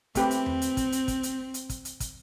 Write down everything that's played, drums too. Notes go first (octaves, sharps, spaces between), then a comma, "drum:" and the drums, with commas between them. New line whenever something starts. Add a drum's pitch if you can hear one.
A3 C4 G4 B4, drum: kick, hi-hat
drum: hi-hat
drum: tom E2
drum: hi-hat
drum: kick, hi-hat
drum: hi-hat
drum: kick, hi-hat
drum: hi-hat
drum: hi-hat
drum: kick, hi-hat
drum: hi-hat
drum: kick, hi-hat